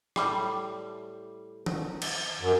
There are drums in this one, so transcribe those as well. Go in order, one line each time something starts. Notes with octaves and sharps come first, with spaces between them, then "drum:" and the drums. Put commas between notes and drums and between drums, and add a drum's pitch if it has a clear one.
A2 G3, drum: rim click
drum: tom
drum: cymbal
F#2